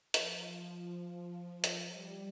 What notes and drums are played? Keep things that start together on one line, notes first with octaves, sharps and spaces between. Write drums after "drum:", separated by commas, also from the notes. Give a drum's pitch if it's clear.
F3, drum: hi-hat
drum: hi-hat
G3